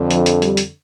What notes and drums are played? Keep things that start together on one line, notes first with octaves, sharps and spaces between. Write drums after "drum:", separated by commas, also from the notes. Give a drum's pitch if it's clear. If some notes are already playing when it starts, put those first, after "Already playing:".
Already playing: F2 D3
F3, drum: hi-hat
drum: hi-hat
G3, drum: hi-hat
drum: hi-hat